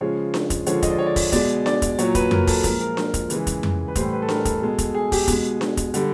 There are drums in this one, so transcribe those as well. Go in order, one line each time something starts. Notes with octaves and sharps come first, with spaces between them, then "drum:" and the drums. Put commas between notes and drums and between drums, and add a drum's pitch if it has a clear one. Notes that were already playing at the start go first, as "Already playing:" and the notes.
C#3 F3 G#3 C#5
drum: snare D4
drum: kick, hi-hat
D3 F3 G#3 C#5, drum: hi-hat
D#5, drum: kick, hi-hat
D5
C#5
D5
drum: kick, open hi-hat
B2 G#3 D5, drum: kick, hi-hat
D5, drum: snare D4
drum: kick, hi-hat
A#2 F#3 C#5, drum: hi-hat
B4, drum: kick, hi-hat
A#4, drum: tom F2
A4, drum: kick, open hi-hat
A#2 F3 G#3 A#4, drum: kick, hi-hat
A#4
A#4, drum: snare D4
drum: kick, hi-hat
C#3 E3 G#3 B4, drum: hi-hat
drum: kick, hi-hat
drum: tom F2
B4
A2 E3 G3 C5, drum: kick, hi-hat
B4
A4
A#4, drum: snare D4
A4, drum: kick, hi-hat
B2 G#3
drum: kick, hi-hat
G#4
G4, drum: kick, open hi-hat
B2 G#3, drum: kick, hi-hat
drum: snare D4
drum: kick, hi-hat
D3 G3, drum: hi-hat